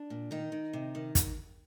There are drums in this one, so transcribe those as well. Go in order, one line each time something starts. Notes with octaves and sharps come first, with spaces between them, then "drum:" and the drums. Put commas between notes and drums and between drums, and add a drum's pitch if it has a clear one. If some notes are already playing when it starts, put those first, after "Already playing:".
Already playing: D4
A#2
D#3 D#4
D#3
C3
D#3
drum: kick, hi-hat